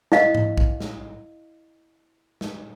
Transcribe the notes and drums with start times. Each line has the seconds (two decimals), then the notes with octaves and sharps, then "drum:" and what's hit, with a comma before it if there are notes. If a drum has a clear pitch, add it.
0.12 E4 D#5 F5, drum: snare
0.35 drum: tom G#2
0.58 drum: kick A#1
0.80 drum: snare
2.41 drum: snare